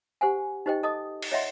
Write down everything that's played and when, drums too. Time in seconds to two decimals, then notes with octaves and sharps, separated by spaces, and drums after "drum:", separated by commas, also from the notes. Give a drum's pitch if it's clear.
0.21 G4 C5 F#5 G#5
0.66 D#4 G4 C5 D#5 G5
0.83 A4 D#5 A5 D6 D#6
1.22 drum: cymbal
1.32 C#5 D#5 E5 F#5 C6